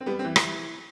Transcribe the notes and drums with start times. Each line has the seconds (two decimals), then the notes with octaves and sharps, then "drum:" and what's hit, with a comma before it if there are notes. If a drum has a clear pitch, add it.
0.01 C4
0.06 G3 B3
0.19 C4
0.24 E3
0.36 drum: rim click